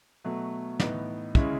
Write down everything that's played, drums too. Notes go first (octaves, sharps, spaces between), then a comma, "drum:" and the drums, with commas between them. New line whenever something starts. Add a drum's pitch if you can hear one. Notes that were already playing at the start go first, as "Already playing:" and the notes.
B2 F#3 A3
A2 E3 B3 D#4, drum: snare
C#3 G#3 C#4 E4, drum: kick